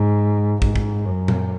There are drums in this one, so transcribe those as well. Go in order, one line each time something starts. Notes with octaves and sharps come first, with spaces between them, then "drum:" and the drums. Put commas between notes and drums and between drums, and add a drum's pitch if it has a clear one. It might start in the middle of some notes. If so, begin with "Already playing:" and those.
Already playing: G#2
G#2, drum: kick
drum: kick
F#2
drum: tom